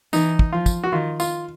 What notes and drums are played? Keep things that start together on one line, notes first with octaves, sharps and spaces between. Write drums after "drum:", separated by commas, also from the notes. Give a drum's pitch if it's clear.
E3 D#4, drum: tambourine
drum: kick
F3 F4
drum: kick, tambourine
F#4
D#3 F4
F4, drum: tambourine